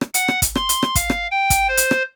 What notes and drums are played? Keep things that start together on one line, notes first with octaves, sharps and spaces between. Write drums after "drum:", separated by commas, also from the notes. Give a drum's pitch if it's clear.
drum: rim click
F#5, drum: hi-hat
drum: rim click
drum: kick, hi-hat
C6, drum: rim click
drum: hi-hat
drum: rim click
F5, drum: kick, hi-hat
drum: rim click
G5
drum: kick, hi-hat
C5
drum: hi-hat
drum: rim click